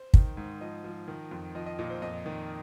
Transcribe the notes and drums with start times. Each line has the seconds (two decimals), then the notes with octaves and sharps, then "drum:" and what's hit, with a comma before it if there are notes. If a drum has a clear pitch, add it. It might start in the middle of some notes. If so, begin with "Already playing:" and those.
Already playing: C5
0.14 D#3, drum: kick
0.37 G#2
0.61 F3 D#5
0.84 F3
1.08 D#3
1.31 F2
1.55 F3 D#5
1.66 D#5
1.79 A#2 D#5
1.90 C5
2.02 F2 D#5
2.26 D#3